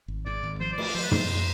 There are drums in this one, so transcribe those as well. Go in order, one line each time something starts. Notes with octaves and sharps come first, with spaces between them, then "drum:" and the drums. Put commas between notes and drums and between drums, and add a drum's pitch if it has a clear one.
G#1
G#2 D5
G#1
F3 C5
D5
A3, drum: cymbal
D5
F3 C5
B4
F3 C5, drum: tom